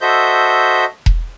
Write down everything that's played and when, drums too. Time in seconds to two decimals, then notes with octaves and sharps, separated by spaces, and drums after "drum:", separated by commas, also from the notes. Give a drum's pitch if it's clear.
0.01 F#4 A4 C5 D#5 E5 G6
1.06 drum: kick E1